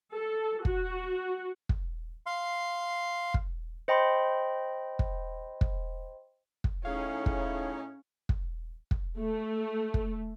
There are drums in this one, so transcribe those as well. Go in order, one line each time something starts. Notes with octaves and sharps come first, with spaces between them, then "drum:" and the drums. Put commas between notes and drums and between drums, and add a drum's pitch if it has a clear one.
A4
F#4, drum: kick
drum: kick
F5 C6
drum: kick
C5 D#5 G5 B5 C6
drum: kick
drum: kick
drum: kick
A2 C#4 D#4 E4 G#4 C#5 F5
drum: kick
drum: kick
drum: kick
A3
drum: kick